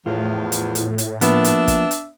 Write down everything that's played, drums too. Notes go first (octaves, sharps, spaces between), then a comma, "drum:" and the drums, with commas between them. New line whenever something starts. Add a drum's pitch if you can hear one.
E2 A2 F3 B3 F4
drum: hi-hat
drum: hi-hat
drum: hi-hat
F3 A#3 B3 D4 E5, drum: hi-hat
drum: hi-hat
drum: kick, hi-hat
drum: hi-hat